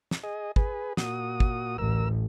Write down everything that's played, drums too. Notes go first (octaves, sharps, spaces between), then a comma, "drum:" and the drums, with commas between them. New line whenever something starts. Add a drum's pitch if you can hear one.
drum: snare
G#4 D#5
G#4 B4, drum: kick
A#2 F#4 D#6, drum: snare
drum: kick
A1 D2 A#4 E6